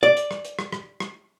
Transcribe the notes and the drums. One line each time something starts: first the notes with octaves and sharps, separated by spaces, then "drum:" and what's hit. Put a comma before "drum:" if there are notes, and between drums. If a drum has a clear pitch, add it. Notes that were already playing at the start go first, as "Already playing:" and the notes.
D5
drum: hi-hat
drum: rim click
drum: hi-hat
drum: rim click
drum: rim click
drum: rim click